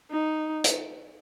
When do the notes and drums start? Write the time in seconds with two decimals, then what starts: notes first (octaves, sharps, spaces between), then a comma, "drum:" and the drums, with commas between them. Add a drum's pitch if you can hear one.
0.11 D#4
0.64 drum: hi-hat